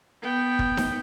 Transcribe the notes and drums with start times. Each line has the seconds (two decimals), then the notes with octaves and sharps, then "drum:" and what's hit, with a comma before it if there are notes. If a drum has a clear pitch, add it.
0.22 B3 G5
0.59 drum: kick
0.77 drum: snare D#4